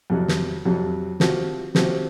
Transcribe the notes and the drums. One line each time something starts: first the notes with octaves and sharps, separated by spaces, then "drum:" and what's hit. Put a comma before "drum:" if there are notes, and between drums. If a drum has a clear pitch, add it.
F2 C3 F#3
drum: snare
F2 C3 F#3
C3 F3 C4 F#4, drum: snare
C3 F3 C4 F#4, drum: snare